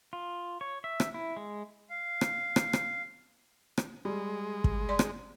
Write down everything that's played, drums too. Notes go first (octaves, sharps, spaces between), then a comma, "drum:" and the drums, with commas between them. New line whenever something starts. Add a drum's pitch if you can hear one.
F4
C#5
E5
drum: rim click
E4
G#3
F5
drum: rim click
drum: rim click
drum: rim click
drum: rim click
G3 G#3
drum: kick
D5 C6
drum: rim click